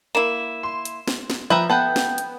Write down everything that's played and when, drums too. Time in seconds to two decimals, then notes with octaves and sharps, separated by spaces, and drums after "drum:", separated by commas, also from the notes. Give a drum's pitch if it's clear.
0.15 A#3 E4 E7
0.63 C6
0.85 drum: hi-hat
1.08 drum: snare
1.30 drum: snare
1.50 F3 B4 E5 G5 A#5
1.70 B3 A4 B4 F#5 G5 G6
1.96 drum: snare
2.18 drum: hi-hat